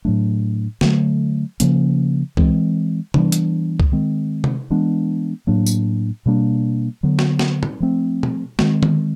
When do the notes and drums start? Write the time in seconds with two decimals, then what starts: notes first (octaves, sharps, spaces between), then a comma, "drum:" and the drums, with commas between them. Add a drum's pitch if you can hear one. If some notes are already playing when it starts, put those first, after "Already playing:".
0.05 A2 F#3 A3 D4
0.81 D3 F#3 A3, drum: snare
1.60 C#3 F3 A#3 C#4, drum: hi-hat
2.37 E3 G#3 C4, drum: kick
3.14 E3 G3 B3 D4, drum: tom C3
3.32 drum: hi-hat
3.80 drum: kick
3.92 D#3 G#3 C4
4.44 drum: tom C3
4.70 E3 G#3 B3 D4
5.47 A2 F#3 A#3 D4
5.66 drum: tambourine
6.26 B2 G3 A#3 D4
7.03 D3 F#3 B3
7.19 drum: snare
7.39 drum: snare
7.63 drum: tom
7.80 F3 A3 C4
8.23 drum: tom
8.59 D#3 G#3 C4, drum: snare
8.83 drum: tom D#3